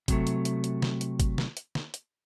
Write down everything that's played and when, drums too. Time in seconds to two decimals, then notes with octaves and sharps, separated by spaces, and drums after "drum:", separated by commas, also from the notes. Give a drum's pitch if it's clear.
0.08 C3 F#3 A3, drum: kick, hi-hat
0.27 drum: hi-hat
0.45 drum: hi-hat
0.64 drum: hi-hat
0.82 drum: snare
1.01 drum: hi-hat
1.20 drum: kick, hi-hat
1.38 drum: snare
1.57 drum: hi-hat
1.75 drum: snare
1.94 drum: hi-hat